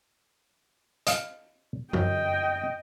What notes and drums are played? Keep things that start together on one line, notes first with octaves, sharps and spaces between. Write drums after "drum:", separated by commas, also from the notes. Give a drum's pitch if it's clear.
D#5 F5, drum: hi-hat
F#2 D#5 G5, drum: tom F#2